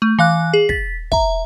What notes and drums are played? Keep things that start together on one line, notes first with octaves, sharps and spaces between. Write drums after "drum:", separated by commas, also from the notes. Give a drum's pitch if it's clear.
A3
E3 F5 F#6
G#4
A6 B6, drum: kick
E5 A#5, drum: kick